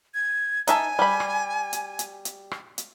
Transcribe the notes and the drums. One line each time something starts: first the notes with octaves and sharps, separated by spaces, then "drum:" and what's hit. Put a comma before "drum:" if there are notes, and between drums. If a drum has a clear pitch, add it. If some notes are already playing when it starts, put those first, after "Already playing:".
G#6
D#4 E5 G#5 A5, drum: hi-hat
G3 B5
drum: rim click
drum: hi-hat
drum: hi-hat
drum: hi-hat
drum: rim click
drum: hi-hat